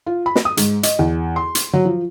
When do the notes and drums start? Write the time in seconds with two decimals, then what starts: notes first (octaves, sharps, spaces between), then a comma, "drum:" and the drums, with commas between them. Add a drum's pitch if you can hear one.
0.06 F4
0.26 B5
0.36 drum: snare
0.45 D#6
0.57 G#2, drum: hi-hat
0.83 D#5, drum: hi-hat
0.99 E2
1.36 C6
1.55 drum: hi-hat
1.73 F#3
1.85 F3